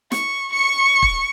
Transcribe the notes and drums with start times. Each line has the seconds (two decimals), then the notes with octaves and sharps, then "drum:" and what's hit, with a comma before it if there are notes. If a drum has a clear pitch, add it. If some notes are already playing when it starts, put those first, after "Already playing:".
0.12 C#6, drum: snare
0.53 C#6 C#7
1.02 drum: kick